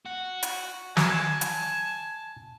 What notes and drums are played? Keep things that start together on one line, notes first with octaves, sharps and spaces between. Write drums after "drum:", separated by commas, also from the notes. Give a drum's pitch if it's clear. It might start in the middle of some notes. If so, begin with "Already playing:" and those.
F#4
drum: hi-hat
F#3 G#5 A5, drum: snare
drum: hi-hat